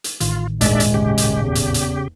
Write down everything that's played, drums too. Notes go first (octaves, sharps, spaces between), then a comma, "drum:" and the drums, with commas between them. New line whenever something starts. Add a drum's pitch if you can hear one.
drum: hi-hat
A1 A2 D#3 F4, drum: hi-hat
D#1 G#1 G#3 D4 G#4 D5 E5, drum: hi-hat
drum: hi-hat
C#3 G4
drum: hi-hat
E2
drum: hi-hat
drum: hi-hat